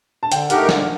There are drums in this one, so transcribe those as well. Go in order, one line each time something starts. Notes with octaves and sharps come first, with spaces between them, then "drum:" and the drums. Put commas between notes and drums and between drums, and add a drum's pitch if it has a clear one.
A5
D3 G5, drum: hi-hat
A3 D#4 G4 A#4 F#5, drum: hi-hat
D3, drum: snare